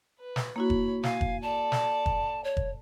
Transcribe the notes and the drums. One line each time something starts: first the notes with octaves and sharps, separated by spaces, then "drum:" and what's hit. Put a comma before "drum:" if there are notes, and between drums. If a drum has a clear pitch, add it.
B4
drum: snare
A#3 E4 F#4 C#5 B5
drum: kick
F5 G#5, drum: snare
drum: kick
A4 D5 A5
drum: snare
drum: kick
C#5
drum: kick